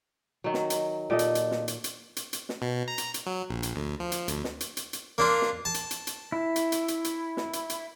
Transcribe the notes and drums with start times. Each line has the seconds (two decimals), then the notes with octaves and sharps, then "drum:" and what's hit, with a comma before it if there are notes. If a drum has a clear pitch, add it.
0.44 D#3 F#3
0.54 drum: snare
0.70 drum: hi-hat
1.10 A#2 G4 A4 D#5
1.19 drum: hi-hat
1.35 drum: hi-hat
1.51 drum: snare
1.68 drum: hi-hat
1.84 drum: hi-hat
2.16 drum: hi-hat
2.33 drum: hi-hat
2.49 drum: snare
2.62 B2
2.88 A#5
2.98 drum: hi-hat
3.14 drum: hi-hat
3.26 F#3
3.50 A#1
3.63 drum: hi-hat
3.76 D2
4.00 F3
4.12 drum: hi-hat
4.28 D2, drum: hi-hat
4.44 drum: snare
4.60 drum: hi-hat
4.77 drum: hi-hat
4.93 drum: hi-hat
5.18 A#3 D4 F4
5.42 drum: snare
5.65 A5
5.74 drum: hi-hat
5.91 drum: hi-hat
6.07 drum: hi-hat
6.32 E4
6.56 drum: hi-hat
6.72 drum: hi-hat
6.88 drum: hi-hat
7.04 drum: hi-hat
7.37 drum: snare
7.53 drum: hi-hat
7.70 drum: hi-hat